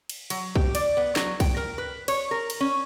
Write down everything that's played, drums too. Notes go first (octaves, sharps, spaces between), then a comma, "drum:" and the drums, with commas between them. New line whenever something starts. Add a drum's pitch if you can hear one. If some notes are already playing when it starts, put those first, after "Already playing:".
drum: cymbal
F#3, drum: cymbal
G4, drum: kick B1
D5, drum: cymbal
B3
F#3, drum: snare
G5, drum: kick B1, cymbal
A#4
B4
C#5, drum: cymbal
A#4
drum: cymbal
C#4